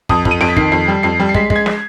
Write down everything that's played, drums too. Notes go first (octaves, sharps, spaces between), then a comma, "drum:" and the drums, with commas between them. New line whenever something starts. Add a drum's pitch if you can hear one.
F2 D#6, drum: kick
F2, drum: kick
D#7
F2 D7, drum: snare
B6
D#3 C7, drum: kick
F2 C7
G3
F2 C7
G3
C7
G#3 B6, drum: kick
G#3, drum: kick
G#6
drum: snare